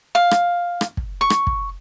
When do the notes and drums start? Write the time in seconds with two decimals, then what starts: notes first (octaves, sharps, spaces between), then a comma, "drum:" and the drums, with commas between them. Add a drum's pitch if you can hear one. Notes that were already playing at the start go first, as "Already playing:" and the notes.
0.15 F5
0.31 drum: rim click
0.81 drum: rim click
0.97 drum: kick
1.21 C#6
1.30 drum: rim click
1.47 drum: kick